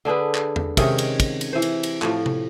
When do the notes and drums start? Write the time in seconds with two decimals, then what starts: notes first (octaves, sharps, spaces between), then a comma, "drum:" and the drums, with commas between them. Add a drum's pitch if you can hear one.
0.05 D3 D4 G#4 B4
0.35 drum: clap
0.56 drum: tom E2
0.77 C3 D#3 G#3 C#4, drum: kick, cymbal
0.98 drum: cymbal
1.20 drum: kick, cymbal
1.41 drum: cymbal
1.53 E3 C5
1.62 drum: cymbal
1.83 drum: cymbal
2.02 A2 F3, drum: clap
2.26 drum: tom C3